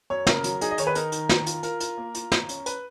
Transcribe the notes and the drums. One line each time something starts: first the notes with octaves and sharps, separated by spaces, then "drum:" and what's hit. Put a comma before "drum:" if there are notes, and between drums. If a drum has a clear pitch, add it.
F#2 C#5
C#3 A#4, drum: snare
F#3, drum: hi-hat
D#4 G#4, drum: hi-hat
D#5
D#3 C#5, drum: hi-hat
B4
D#4 A#4, drum: hi-hat
D#3, drum: hi-hat
D#3, drum: snare
F4, drum: hi-hat
F4 A#4, drum: hi-hat
F4, drum: hi-hat
A#3
F4, drum: hi-hat
F4, drum: snare
C#4, drum: hi-hat
B4, drum: hi-hat